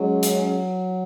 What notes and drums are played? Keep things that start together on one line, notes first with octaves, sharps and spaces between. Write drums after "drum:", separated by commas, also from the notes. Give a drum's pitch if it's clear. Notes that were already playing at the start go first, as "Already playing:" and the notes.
Already playing: F#3 G#3 C#4 G#4
drum: hi-hat